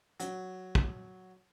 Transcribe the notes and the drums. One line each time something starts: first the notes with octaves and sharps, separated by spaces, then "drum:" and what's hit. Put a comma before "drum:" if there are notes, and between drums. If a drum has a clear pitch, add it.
F#3, drum: hi-hat
drum: kick